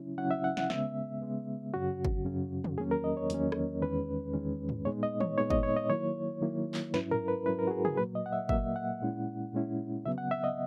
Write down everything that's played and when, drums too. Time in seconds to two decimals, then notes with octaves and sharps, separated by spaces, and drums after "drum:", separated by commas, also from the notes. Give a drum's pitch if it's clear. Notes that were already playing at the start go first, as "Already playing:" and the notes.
Already playing: C#3 F#3 C#4 E4
0.17 C#3 F#3 C#4 E4 F#5
0.31 E5
0.44 F#5
0.57 F#5, drum: snare
0.70 C#3 G#3 B3 E5, drum: snare
1.21 C#3 G#3 B3
1.73 F#2 C#3 F#3 C#4 F#4
2.05 drum: kick G1
2.25 F#2 C#3 F#3 C#4
2.64 drum: tom
2.78 E2 D#3 F#3 A#3 C#4 G#4
2.91 A#4
3.04 D#5
3.17 C#5
3.30 E2 D#3 F#3 A#3 C#4, drum: hi-hat
3.52 drum: rim click
3.82 E2 D#3 G#3 C#4 B4
4.33 E2 D#3 G#3 C#4
4.69 drum: tom
4.85 A#2 G#3 B3 D#4 C#5
5.03 D#5
5.20 C#5, drum: tom
5.38 A#2 G#3 B3 D#4 C#5
5.50 D#5, drum: kick G1
5.63 C#5
5.76 D#5
5.90 D#3 F#3 A#3 E4 C#5
6.42 D#3 F#3 A#3 E4
6.74 drum: clap
6.94 G#2 F#3 C#4 E4 B4, drum: snare
7.11 A#4, drum: tom
7.28 B4
7.46 G#2 F#3 C#4 E4 B4
7.59 A#4
7.67 F#4
7.71 G#4
7.85 G#4, drum: tom
7.97 A#2 F#3 A#3 B4
8.15 D#5
8.26 F#5
8.33 E5
8.49 A#2 F#3 A#3 E5, drum: kick G1
8.76 F#5
9.01 A#2 G#3 C#4 E4
9.54 A#2 G#3 C#4 E4
10.05 C#3 F#3 B3 E5
10.18 F#5
10.31 E5
10.44 D#5